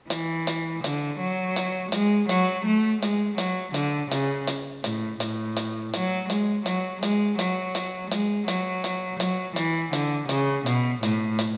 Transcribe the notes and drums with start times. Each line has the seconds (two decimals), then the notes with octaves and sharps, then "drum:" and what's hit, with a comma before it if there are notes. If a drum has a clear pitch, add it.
0.10 E3, drum: hi-hat
0.47 drum: hi-hat
0.84 D3, drum: hi-hat
1.20 F#3
1.56 drum: hi-hat
1.92 G#3, drum: hi-hat
2.29 F#3, drum: hi-hat
2.66 A3
3.02 G#3, drum: hi-hat
3.38 F#3, drum: hi-hat
3.74 D3, drum: hi-hat
4.11 C#3, drum: hi-hat
4.47 drum: hi-hat
4.84 A2, drum: hi-hat
5.20 A2, drum: hi-hat
5.56 drum: hi-hat
5.93 F#3, drum: hi-hat
6.30 G#3, drum: hi-hat
6.66 F#3, drum: hi-hat
7.03 G#3, drum: hi-hat
7.39 F#3, drum: hi-hat
7.75 drum: hi-hat
8.11 G#3, drum: hi-hat
8.48 F#3, drum: hi-hat
8.84 drum: hi-hat
9.20 F#3, drum: hi-hat
9.56 E3, drum: hi-hat
9.93 D3, drum: hi-hat
10.29 C#3, drum: hi-hat
10.66 B2, drum: hi-hat
11.03 A2, drum: hi-hat
11.39 drum: hi-hat